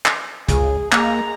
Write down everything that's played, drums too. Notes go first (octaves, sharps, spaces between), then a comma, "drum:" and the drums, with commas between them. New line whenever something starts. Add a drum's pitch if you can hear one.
drum: clap
C#2 G#4, drum: kick, hi-hat
G#3 A#3 A#5, drum: clap